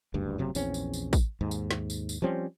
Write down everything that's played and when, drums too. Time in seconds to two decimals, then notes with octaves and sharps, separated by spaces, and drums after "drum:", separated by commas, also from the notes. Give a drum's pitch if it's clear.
0.14 F#1 D2 G2
0.38 F#1 C3 F#3
0.55 A#1 E2 C4 C#4, drum: tambourine
0.74 drum: tambourine
0.94 drum: tambourine
1.13 drum: kick, tambourine
1.41 D#2 G#2
1.51 drum: tambourine
1.71 drum: snare
1.90 drum: tambourine
2.09 drum: tambourine
2.22 F3 G3 C4 C#4